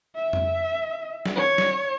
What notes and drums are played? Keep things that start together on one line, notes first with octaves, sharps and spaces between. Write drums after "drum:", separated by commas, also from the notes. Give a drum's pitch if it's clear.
E5
drum: tom F2
drum: snare
C#5
drum: snare